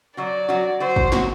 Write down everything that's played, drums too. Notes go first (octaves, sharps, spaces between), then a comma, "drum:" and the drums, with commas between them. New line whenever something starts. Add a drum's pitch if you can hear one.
F#3 F#4 D5
F#3 F#4
F#3 F#4 C5
drum: kick
F#3 F#4, drum: snare